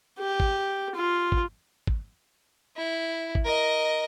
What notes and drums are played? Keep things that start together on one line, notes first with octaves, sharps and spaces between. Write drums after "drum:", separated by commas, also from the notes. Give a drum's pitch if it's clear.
G4
drum: kick
F4
drum: kick
drum: kick
E4
drum: kick
A#4 D#5